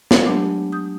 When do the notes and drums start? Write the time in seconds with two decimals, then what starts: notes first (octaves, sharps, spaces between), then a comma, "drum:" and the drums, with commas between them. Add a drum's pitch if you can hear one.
0.11 drum: snare
0.23 F#3 G#3 A3 B3 D4 G4
0.72 D#6 G6